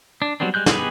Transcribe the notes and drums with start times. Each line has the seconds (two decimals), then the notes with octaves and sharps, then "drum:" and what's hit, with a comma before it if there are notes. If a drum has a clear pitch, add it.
0.22 D4
0.40 F#3 G3 B3 C4 D4
0.54 G3 G#3 F#6 G6
0.66 B3 D#4 G4 G#4 B4, drum: snare